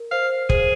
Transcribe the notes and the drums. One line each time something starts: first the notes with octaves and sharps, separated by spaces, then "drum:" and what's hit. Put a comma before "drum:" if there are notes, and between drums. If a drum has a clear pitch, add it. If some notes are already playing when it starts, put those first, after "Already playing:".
Already playing: A#4
C5 F5
G#4 C5, drum: kick